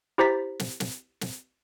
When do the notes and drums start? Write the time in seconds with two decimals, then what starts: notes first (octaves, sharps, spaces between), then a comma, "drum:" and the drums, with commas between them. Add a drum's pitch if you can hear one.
0.18 E4 G4 C5 A#5 A6 B6
0.59 drum: snare
0.80 drum: snare
1.21 drum: snare